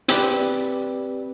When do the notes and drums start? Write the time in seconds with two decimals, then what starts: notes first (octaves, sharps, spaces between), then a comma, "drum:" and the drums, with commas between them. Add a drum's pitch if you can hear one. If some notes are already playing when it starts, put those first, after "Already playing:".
0.08 C4 G4 B4 D5, drum: hi-hat